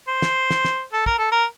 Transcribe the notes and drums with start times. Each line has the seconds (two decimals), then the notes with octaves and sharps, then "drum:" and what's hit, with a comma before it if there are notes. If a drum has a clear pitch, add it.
0.08 C5
0.22 drum: snare
0.50 drum: snare
0.65 drum: snare
0.93 A4
1.06 A#4, drum: kick
1.19 A4
1.32 A#4